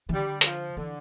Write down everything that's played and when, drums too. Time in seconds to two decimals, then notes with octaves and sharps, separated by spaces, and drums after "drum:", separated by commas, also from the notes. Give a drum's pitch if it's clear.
0.09 E3
0.13 D3 G3
0.41 G3, drum: hi-hat
0.45 F3
0.77 D3 E3